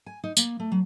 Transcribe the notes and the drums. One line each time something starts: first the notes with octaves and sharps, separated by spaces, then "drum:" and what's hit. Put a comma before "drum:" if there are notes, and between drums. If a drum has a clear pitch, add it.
G#5
D#4
A#3, drum: tambourine
A3
F#3